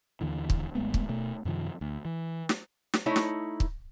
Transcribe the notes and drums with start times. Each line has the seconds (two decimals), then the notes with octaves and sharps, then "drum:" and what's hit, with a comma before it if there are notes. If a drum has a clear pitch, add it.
0.21 D#2 D3 E3
0.50 drum: kick
0.75 G#1 G#3 A3 B3
0.94 drum: kick
1.09 B2 A3
1.45 F#2 C3 D#3 F3
1.81 D2
2.05 E3
2.49 drum: snare
2.94 drum: snare
3.06 A3 D#4 E4 C#5
3.16 drum: snare
3.60 drum: kick